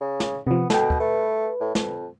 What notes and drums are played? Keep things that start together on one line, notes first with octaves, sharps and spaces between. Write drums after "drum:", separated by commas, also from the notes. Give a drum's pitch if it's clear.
C#3
drum: snare
C3 F3 B3
B2 A4 G5, drum: snare
drum: kick
A3 B4
A2
F2, drum: snare